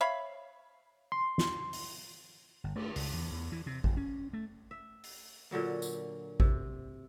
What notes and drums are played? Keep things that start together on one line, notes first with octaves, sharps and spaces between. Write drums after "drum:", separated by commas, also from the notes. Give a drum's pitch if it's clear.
C#5 E5 F5 B5
C6
drum: snare
drum: open hi-hat
G1
A3, drum: cymbal
C#2, drum: open hi-hat
E2
E2
E3
C3
F#1, drum: kick A1
C#4
A3
E5
drum: open hi-hat
A#2 D3 F#3 A#3
drum: tambourine
C3, drum: kick A1